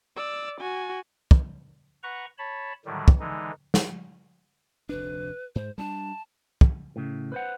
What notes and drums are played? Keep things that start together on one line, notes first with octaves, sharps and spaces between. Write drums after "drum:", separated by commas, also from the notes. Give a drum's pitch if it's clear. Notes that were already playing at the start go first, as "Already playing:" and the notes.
D5 E6
F#4 G#5
drum: kick
B4 F#5 A#5 C#6
C#5 A5 B5
A2 D3 D#3 F#3 G3
drum: kick
D3 E3 G#3 D#4
drum: snare
F1 D2 D4 B4
G#2 C5
G3 C4 D4 A5
drum: kick
A2 C#3
B4 C5 F#5